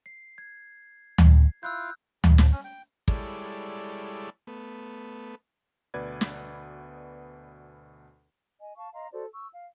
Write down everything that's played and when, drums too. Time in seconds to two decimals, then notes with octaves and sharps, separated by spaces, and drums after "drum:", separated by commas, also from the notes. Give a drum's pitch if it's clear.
0.06 C7
0.38 G#6
1.18 drum: tom D2
1.63 E4 F4 F5 E6 F#6 G6
2.24 C#3, drum: tom D2
2.38 F3, drum: snare
2.52 C#4
2.64 G5
3.08 G3 G#3 E4 A4 C#5 D5, drum: kick
4.47 A3 B3
5.94 D2 B2 B4 D5 G#6
6.21 drum: snare
8.59 D#5 G#5
8.76 F5 A5 C#6
8.93 D#5 F5 A#5 C6
9.12 F#4 A4 C5 D5
9.32 C#6 E6
9.53 F5